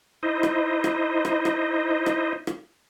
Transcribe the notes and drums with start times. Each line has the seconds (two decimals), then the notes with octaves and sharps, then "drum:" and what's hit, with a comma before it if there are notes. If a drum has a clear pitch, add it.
0.23 D#4 E4 C5 D#5
0.43 drum: rim click
0.84 drum: rim click
1.25 drum: rim click
1.45 drum: rim click
2.06 drum: rim click
2.47 drum: rim click